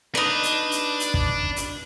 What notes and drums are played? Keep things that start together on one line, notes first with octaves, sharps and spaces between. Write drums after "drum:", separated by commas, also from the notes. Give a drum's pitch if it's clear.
D4 D#4 B4
drum: hi-hat
drum: hi-hat
drum: hi-hat
drum: kick
drum: hi-hat